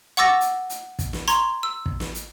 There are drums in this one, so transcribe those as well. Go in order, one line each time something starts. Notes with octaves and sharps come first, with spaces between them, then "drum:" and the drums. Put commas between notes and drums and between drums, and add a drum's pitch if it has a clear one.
F#5 C#6 D6 E6 A6 A#6
drum: hi-hat
drum: hi-hat
drum: kick, hi-hat
drum: snare
A#5 C6 C#6 G#6, drum: hi-hat
E6
drum: kick
drum: snare
drum: hi-hat